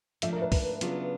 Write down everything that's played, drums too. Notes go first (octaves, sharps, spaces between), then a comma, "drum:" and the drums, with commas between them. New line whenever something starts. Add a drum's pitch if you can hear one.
G#2 F3 A3 D4 E5, drum: hi-hat
A#4
B4
drum: kick, open hi-hat
C#3 F#3 B3 D4 F4, drum: hi-hat